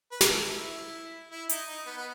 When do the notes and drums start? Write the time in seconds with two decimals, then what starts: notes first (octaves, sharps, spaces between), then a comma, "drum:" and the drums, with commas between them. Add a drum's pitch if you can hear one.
0.11 B4
0.21 A#4, drum: snare
0.29 A4
0.48 E4
1.31 E4
1.49 D#4, drum: hi-hat
1.68 D#4
1.86 B3
1.97 B3